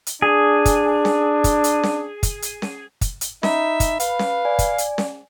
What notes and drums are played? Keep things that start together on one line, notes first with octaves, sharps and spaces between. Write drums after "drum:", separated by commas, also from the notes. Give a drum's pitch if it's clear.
drum: hi-hat
D4 G#4
drum: kick, hi-hat
drum: snare C#4
drum: kick, hi-hat
drum: hi-hat
drum: snare C#4
drum: kick, hi-hat
drum: hi-hat
drum: snare C#4
drum: kick, hi-hat
drum: hi-hat
D#4 E5 B5, drum: snare C#4
drum: kick, hi-hat
B4 F5, drum: hi-hat
drum: snare C#4
D5 G#5
drum: kick, hi-hat
drum: hi-hat
drum: snare C#4